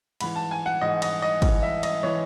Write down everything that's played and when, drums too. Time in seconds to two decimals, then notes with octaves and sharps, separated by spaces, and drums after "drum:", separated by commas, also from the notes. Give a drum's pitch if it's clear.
0.20 G#2 E3 B5, drum: cymbal
0.36 A5
0.51 G#5
0.66 F#5
0.81 G#2 E3 D#5
1.02 D#5, drum: cymbal
1.22 D#5
1.42 G#2 E3, drum: kick, cymbal
1.63 E5
1.83 D#5, drum: cymbal
2.03 E3 C#5